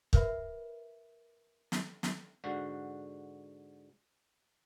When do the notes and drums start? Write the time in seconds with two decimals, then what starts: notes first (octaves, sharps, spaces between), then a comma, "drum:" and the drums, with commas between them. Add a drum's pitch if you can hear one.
0.13 A#4 B4 C#5 E5 F#5 B5, drum: kick
1.72 drum: snare
2.03 drum: snare
2.44 G#2 D3 F#4